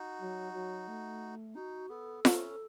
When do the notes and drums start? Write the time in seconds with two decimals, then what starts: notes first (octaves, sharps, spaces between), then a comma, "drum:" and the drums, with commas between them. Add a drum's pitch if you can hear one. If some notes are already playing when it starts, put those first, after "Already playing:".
Already playing: D#4 F#4
0.18 F#3
0.52 F#3
0.87 A3
1.55 D#4 F#4
1.89 B3 A4
2.25 C#4, drum: snare F4